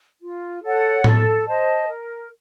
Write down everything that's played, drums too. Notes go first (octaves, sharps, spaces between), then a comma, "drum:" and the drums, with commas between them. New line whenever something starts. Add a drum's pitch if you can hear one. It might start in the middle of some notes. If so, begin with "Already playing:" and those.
F4
A4 C#5 F#5
A4, drum: tom A2
C5 D#5 A5
A#4